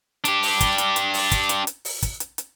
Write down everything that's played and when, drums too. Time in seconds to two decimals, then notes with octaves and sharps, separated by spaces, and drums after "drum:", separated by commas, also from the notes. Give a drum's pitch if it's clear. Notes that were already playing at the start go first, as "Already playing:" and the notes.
0.25 D4 G4, drum: hi-hat
0.43 drum: open hi-hat
0.60 drum: kick, hi-hat
0.78 drum: hi-hat
0.96 drum: hi-hat
1.14 drum: open hi-hat
1.31 drum: kick, hi-hat
1.49 drum: hi-hat
1.67 drum: hi-hat
1.85 drum: open hi-hat
2.02 drum: kick, hi-hat
2.20 drum: hi-hat
2.38 drum: hi-hat